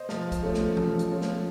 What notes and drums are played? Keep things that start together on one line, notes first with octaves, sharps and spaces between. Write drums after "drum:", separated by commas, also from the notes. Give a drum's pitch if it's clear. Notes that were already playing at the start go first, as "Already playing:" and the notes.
Already playing: C5 D#5
F3, drum: snare
drum: kick, hi-hat
A3 C#4 F4
drum: snare
F3, drum: tom E3
drum: hi-hat
A3 C#4 F4
drum: snare